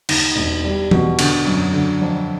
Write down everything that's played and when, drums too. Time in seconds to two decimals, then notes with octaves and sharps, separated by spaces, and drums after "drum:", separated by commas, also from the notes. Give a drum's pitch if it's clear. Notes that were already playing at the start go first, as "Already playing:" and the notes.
0.09 D#2, drum: cymbal
0.36 E1
0.64 G3
0.91 B2, drum: tom E3
1.19 D3, drum: cymbal
1.47 F#2
1.73 D3
2.01 F2